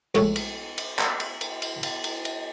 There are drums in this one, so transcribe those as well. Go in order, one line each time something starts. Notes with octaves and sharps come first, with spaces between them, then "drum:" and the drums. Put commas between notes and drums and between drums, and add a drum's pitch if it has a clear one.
A#1 A2 G#3 A4 C#5, drum: cymbal
drum: cymbal
drum: cymbal
drum: clap
drum: cymbal
drum: cymbal
drum: cymbal
drum: cymbal
drum: cymbal
drum: cymbal